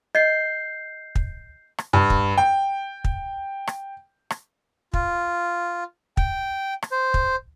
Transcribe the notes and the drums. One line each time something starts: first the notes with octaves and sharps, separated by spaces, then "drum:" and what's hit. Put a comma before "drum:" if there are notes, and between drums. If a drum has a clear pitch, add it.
D#5 G6 C7
drum: kick
drum: rim click
G2
drum: kick
G5
drum: kick
drum: rim click
drum: rim click
F4, drum: kick
G5, drum: kick
drum: rim click
C5
drum: kick